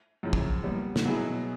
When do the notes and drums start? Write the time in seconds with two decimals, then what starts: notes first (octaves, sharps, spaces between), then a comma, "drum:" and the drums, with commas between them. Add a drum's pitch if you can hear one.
0.23 F#2 C#3 F3
0.33 drum: kick
0.64 A#2 G3 B3
0.96 drum: snare
1.05 B2 F#3 B3 E4 G#4